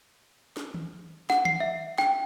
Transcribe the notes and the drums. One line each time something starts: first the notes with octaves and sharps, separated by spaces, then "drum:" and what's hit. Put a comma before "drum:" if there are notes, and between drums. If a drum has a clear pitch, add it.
drum: snare
drum: tom D#3
F#5, drum: snare
C7, drum: tom D#3
E5
G5, drum: snare